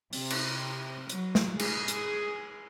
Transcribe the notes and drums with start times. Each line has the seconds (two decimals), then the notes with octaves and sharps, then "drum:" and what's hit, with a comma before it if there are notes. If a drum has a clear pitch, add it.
0.13 C3, drum: open hi-hat
0.30 drum: cymbal
1.10 F#3, drum: hi-hat
1.35 drum: snare
1.59 G#4, drum: cymbal
1.88 drum: hi-hat